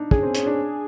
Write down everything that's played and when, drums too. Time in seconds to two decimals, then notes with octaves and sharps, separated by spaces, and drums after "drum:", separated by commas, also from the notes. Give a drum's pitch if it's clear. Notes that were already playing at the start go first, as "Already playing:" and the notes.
Already playing: D4 D#4
0.11 C#4 G#4, drum: kick
0.23 C4
0.35 C#4, drum: hi-hat
0.46 D4